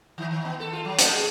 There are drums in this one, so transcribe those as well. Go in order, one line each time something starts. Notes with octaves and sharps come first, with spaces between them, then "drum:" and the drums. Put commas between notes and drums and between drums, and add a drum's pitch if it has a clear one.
D#3
D#3
B3
A4
F4
F#3
A2, drum: hi-hat
G#4